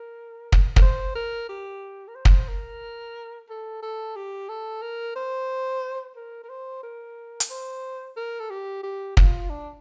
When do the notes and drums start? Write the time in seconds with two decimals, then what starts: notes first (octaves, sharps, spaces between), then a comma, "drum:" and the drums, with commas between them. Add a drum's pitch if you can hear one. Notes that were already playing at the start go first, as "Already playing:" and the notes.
Already playing: A#4
0.52 drum: kick
0.76 A#4, drum: kick
0.82 C5
1.15 A#4
1.49 G4
2.08 A#4
2.15 C5
2.25 drum: kick
2.48 A#4
3.49 A4
3.82 A4
4.16 G4
4.49 A4
4.82 A#4
5.16 C5
6.16 A#4
6.43 A#4
6.49 C5
6.83 A#4
7.40 drum: hi-hat
7.50 C5
8.17 A#4
8.40 A4
8.50 G4
8.83 G4
9.17 F4, drum: kick
9.50 D4